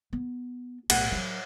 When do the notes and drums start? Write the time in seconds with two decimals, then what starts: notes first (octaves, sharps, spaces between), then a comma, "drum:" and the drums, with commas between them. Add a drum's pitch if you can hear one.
0.13 B3
0.90 B1 A2 F#5, drum: cymbal
1.12 E3 F#3